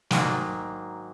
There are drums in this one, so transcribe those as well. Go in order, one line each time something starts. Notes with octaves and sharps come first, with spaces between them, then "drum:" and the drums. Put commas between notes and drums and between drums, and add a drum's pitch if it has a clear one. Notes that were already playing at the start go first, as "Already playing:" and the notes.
G#2 D#3 F#3 A#3 D4, drum: snare